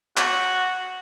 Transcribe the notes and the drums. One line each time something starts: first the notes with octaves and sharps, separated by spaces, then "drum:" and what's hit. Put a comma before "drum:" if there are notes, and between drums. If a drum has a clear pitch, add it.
F#4, drum: clap